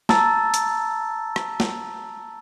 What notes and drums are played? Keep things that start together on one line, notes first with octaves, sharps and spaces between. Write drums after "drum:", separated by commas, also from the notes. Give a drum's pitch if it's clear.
A5 A#5 E6 A6, drum: snare
drum: hi-hat
drum: rim click
drum: snare